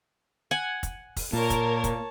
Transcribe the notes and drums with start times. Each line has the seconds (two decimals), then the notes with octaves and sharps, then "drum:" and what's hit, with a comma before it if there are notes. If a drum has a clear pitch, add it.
0.51 F#5 G#5
0.83 drum: kick, hi-hat
1.16 drum: kick, open hi-hat
1.33 A#2 A#4 C#5 A5
1.50 drum: kick, hi-hat
1.84 drum: kick, hi-hat